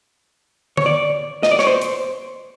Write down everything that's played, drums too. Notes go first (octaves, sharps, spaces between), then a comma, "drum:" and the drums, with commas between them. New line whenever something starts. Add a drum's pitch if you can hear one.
C#5, drum: tom D3
D5
D#5, drum: snare
D5
C#5, drum: snare
C5
drum: hi-hat